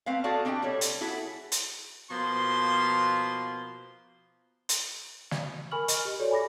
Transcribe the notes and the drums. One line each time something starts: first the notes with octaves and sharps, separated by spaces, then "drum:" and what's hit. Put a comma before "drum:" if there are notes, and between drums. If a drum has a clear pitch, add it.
A3 C4 B4 F5
F#4 G#4 A4 D5 F5 A5
C4 D4 G4 D#5 G5
G3 A4 C#5
drum: hi-hat
E4 F#4 G#4 A4
drum: hi-hat
B2 F3 A#3 B5 C6
drum: hi-hat
drum: snare
A#4 G#5 B5 C#6 F6 F#7
D#5, drum: hi-hat
G4
F#4 G#4 A4 C#5 D5
G#5 B5 D6 A#6